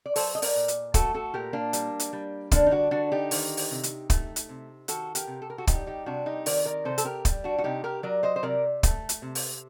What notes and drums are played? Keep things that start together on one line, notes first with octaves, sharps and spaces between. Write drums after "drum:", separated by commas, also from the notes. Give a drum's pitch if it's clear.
D5
F#3 A4 C5, drum: open hi-hat
D#5
A#4 D5, drum: open hi-hat
A#2
drum: hi-hat
A3 F#4 A4, drum: kick, hi-hat
F#4 A4
A#2 G4 A#4
A#3 D4
G3, drum: hi-hat
drum: hi-hat
G3
D3 A#3 D4, drum: kick, hi-hat
D#4
D4 F#4
D3 D4 F#4
D#4 G4
D#3, drum: open hi-hat
drum: open hi-hat
C3
drum: hi-hat
A3, drum: kick, hi-hat
drum: hi-hat
C3
D#3 F#4 A4, drum: hi-hat
G4 A#4, drum: hi-hat
C3
A4
A#4
F#4 A4
G3 D#4 G4, drum: kick, hi-hat
D#4 G4
C3 D4 F#4
D#4 G4
D#3 A#4 D5, drum: open hi-hat
A#4 D5
C3 A4 C5
A4, drum: hi-hat
G4 A#4
G3, drum: kick, hi-hat
D4 F#4
F#4
C3 D#4 G4
G4 A#4
F#3 A#4 D5
C5 D#5
C5
C3 A#4 D5
A3, drum: kick, hi-hat
drum: hi-hat
C3
drum: open hi-hat